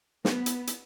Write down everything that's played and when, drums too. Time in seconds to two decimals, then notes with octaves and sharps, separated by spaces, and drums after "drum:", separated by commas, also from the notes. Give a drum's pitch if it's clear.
0.25 B3, drum: snare
0.46 drum: hi-hat
0.67 drum: hi-hat